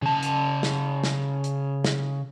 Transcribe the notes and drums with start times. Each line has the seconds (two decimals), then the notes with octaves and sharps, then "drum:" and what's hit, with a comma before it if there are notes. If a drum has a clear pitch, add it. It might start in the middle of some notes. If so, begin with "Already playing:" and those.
0.02 C#3 A5
0.23 drum: hi-hat
0.63 drum: snare
1.04 drum: snare
1.44 drum: hi-hat
1.84 drum: snare